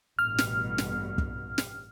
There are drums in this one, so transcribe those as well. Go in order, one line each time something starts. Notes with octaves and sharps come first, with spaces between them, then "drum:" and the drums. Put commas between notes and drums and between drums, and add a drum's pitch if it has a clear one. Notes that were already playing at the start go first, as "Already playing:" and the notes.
A1 G2 B2 F6
drum: snare
drum: snare
drum: kick
drum: snare